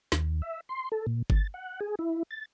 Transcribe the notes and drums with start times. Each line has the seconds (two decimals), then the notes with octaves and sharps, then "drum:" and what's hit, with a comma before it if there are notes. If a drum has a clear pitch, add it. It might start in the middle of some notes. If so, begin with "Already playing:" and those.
0.12 D#2, drum: snare
0.42 E5
0.69 C6
0.92 A4
1.07 A#2
1.30 A6, drum: kick G1
1.54 F#5
1.80 G#4
1.99 E4
2.31 A6